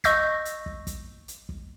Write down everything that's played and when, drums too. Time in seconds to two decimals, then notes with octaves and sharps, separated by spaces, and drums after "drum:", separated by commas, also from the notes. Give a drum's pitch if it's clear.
0.04 D#5 C#6 E6 G6 A#6, drum: kick, hi-hat
0.45 drum: hi-hat
0.66 drum: kick
0.87 drum: kick, hi-hat
1.28 drum: hi-hat
1.49 drum: kick